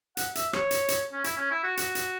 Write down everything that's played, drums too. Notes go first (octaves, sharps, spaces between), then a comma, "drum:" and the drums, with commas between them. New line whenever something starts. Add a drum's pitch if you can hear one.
F#5, drum: hi-hat
E5, drum: hi-hat
C#5, drum: rim click
drum: hi-hat
drum: hi-hat
C#4
E4, drum: hi-hat
C#4
E4
F#4
F#4, drum: hi-hat
drum: hi-hat